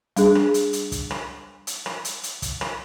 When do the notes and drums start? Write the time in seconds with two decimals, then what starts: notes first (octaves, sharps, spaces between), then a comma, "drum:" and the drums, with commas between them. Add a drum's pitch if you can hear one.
0.16 G3 D4 G#4, drum: hi-hat
0.35 drum: rim click
0.54 drum: hi-hat
0.73 drum: hi-hat
0.92 drum: kick, hi-hat
1.11 drum: rim click
1.67 drum: hi-hat
1.86 drum: rim click
2.05 drum: hi-hat
2.23 drum: hi-hat
2.42 drum: kick, hi-hat
2.61 drum: rim click